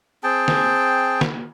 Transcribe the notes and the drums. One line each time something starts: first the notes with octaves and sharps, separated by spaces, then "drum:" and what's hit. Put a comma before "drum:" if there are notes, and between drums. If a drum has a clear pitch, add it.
C4 G#4 G5 A5
drum: snare
drum: snare